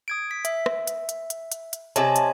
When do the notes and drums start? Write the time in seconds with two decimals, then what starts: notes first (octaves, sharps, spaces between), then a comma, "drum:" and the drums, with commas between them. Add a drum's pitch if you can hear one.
0.08 D#6 G#6 D7
0.31 B6
0.45 E5, drum: hi-hat
0.66 drum: rim click
0.87 drum: hi-hat
1.09 drum: hi-hat
1.30 drum: hi-hat
1.52 drum: hi-hat
1.73 drum: hi-hat
1.96 C3 C#5 D#5 G#5 A5, drum: hi-hat
2.16 drum: hi-hat